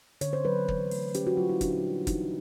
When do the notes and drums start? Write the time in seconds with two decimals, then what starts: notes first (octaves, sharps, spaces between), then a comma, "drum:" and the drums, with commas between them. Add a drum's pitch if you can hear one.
0.21 D3 C#5, drum: hi-hat
0.33 C5
0.45 F#3 B4
0.68 E3, drum: kick
0.91 A3, drum: open hi-hat
1.14 C#4 G4, drum: hi-hat
1.27 F#4
1.37 F#3 F4
1.49 E4
1.61 A#2 D4, drum: kick, hi-hat
1.84 G3
2.07 E3 D#4, drum: kick, hi-hat